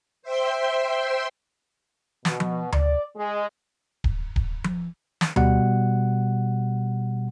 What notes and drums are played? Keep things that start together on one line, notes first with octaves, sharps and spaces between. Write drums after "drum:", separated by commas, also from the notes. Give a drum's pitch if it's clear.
C5 E5 G5 C6
B2, drum: snare
drum: tom F3
D5, drum: tom D2
G#3
drum: kick D1
drum: kick D1
drum: tom F3
drum: snare
B2 G3 F#5, drum: tom D2